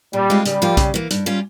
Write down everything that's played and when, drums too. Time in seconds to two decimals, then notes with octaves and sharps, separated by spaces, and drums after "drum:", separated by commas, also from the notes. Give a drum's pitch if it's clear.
0.13 A#2 G3
0.30 G#3 C4 F4
0.45 C#3 G3, drum: hi-hat
0.62 F3 A#3 F4
0.77 C#3, drum: kick B1, hi-hat
0.94 E3 A#3
1.11 G2, drum: hi-hat
1.26 G3 C#4 F4